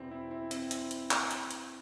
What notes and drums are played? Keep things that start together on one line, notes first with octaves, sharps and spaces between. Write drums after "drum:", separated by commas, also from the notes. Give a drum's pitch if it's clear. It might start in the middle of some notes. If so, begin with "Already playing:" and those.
Already playing: E2 B2 C4 E4
C4 E4
C4 E4
C4 E4, drum: hi-hat
drum: hi-hat
drum: hi-hat
drum: clap
drum: hi-hat
drum: hi-hat